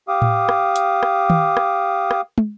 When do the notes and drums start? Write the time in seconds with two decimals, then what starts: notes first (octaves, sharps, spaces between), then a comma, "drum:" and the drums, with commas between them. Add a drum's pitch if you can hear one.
0.08 G4 F5 D6 D#6
0.22 drum: tom A2
0.49 drum: rim click
0.76 drum: hi-hat
1.03 drum: rim click
1.30 drum: tom D#3
1.57 drum: rim click
2.11 drum: rim click
2.38 drum: tom